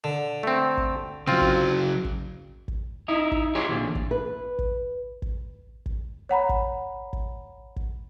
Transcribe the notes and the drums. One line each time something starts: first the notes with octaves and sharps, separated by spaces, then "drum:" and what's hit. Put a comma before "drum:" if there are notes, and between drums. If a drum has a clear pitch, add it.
D3
A3 C4
drum: kick
C#3 F#3 C4 F4
drum: kick
drum: kick
drum: kick
D#4 E4
drum: kick
F4 G4 G#4 C#5
A#2 D3 E3
drum: kick
B4
drum: kick
drum: kick
drum: kick
C#5 F#5 A#5 B5
drum: kick
drum: kick
drum: kick